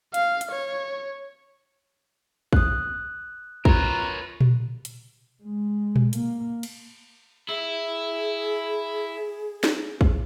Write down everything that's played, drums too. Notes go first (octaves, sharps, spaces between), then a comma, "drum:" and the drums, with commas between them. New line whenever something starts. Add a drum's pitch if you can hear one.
F5, drum: hi-hat
drum: hi-hat
C#5
D#6 F#6, drum: kick
F4 A#4 B4 C#5 A#5, drum: kick
drum: tom A#2
drum: hi-hat
G#3
drum: tom A#2
A#3, drum: hi-hat
drum: cymbal
E4 G#4
drum: snare
drum: kick